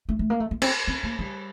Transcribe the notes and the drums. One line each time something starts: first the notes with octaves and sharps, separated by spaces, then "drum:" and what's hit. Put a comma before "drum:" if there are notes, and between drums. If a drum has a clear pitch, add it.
A3
A3
A#3
A3
A#3
C4, drum: cymbal
C4
A#3
G3